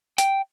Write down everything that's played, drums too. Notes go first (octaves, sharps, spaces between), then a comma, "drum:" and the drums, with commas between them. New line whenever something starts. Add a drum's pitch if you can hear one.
G5, drum: hi-hat